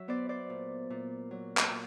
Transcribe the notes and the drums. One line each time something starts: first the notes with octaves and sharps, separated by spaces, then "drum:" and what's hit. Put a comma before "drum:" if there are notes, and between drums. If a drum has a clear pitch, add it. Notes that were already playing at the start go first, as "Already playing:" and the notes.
Already playing: F#3 E5
B3 C5 D5
C5 D5
A#2
A#2
F#3
drum: clap
A#2